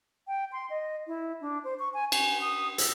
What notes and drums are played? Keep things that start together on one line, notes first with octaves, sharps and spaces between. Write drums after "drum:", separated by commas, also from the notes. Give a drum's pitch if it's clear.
G5
C6
D#5
E4
D4
C5
C#6
G#5
G#5, drum: cymbal
D#6
E6, drum: hi-hat